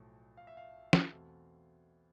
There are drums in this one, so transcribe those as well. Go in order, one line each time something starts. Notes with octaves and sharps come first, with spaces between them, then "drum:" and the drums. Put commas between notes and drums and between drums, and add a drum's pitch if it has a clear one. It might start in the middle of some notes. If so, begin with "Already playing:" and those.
Already playing: B1 A2 F3
F5
E5
F5
drum: snare
E2 B2 A3 C4